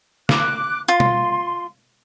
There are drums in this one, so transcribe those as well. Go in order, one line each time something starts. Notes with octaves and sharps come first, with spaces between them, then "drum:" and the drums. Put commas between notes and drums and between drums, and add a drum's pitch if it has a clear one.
D6 F#6, drum: snare
F4 C6
drum: tom B2